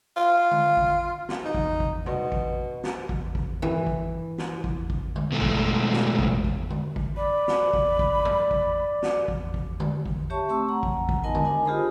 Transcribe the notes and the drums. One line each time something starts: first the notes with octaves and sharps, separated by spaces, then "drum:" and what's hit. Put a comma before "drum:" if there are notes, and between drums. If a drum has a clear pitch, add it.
F4
drum: tom D3
drum: kick G#1
drum: snare
D#4
drum: kick G#1
drum: kick G#1
B2, drum: tom C3
drum: kick G#1
drum: snare
drum: kick G#1
drum: kick G#1
E3, drum: tom
drum: kick G#1
drum: snare
drum: kick G#1
drum: kick G#1
drum: tom D3
B2 G#3 A3
drum: kick G#1
drum: snare
drum: kick G#1
drum: kick G#1
drum: tom D3
drum: kick G#1
D5 B5
drum: snare
drum: kick G#1
drum: kick G#1
drum: tom F#2
drum: kick G#1
drum: snare
drum: kick G#1
drum: kick G#1
drum: tom D3
drum: kick G#1
G4 C#5 E5 A5 C#6
A3 C4 A5 C#6 E6
F#5 A#5
drum: kick G#1
drum: kick G#1
B3 D#4 A#4 D#5 G#5 A5
drum: tom D3
D4 A#4 D#5 G#5
F4 G4 G#4 C5 B5 D#6